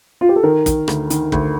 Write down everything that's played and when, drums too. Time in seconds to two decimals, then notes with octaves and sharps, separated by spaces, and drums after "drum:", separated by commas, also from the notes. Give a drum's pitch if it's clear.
0.21 F4
0.29 G4
0.36 A4
0.43 D#3 A#4
0.66 D#3, drum: kick, hi-hat
0.88 D2, drum: rim click
1.10 D#3, drum: hi-hat
1.32 D2, drum: kick